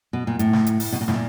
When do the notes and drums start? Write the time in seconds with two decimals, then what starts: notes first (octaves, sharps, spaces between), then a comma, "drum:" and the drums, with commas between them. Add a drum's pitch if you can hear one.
0.13 B2
0.27 A#2
0.39 A2, drum: hi-hat
0.53 drum: snare
0.66 drum: hi-hat
0.80 drum: open hi-hat
0.93 B2
1.01 A#2
1.08 A2, drum: snare
1.14 A#2